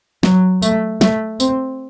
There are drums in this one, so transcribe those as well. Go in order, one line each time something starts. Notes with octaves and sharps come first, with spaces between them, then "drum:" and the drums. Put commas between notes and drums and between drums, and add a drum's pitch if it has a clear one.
F#3, drum: snare
A3, drum: tambourine
A3, drum: snare
C4, drum: tambourine